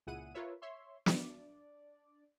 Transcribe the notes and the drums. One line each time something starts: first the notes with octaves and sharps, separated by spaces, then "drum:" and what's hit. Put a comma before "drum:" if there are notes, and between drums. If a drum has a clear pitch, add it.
C#2 A#2 E4 G#4 F#5 D#7
F4 A#4 B4 C#5 E5
C#5 E5 C6
D4 D5, drum: snare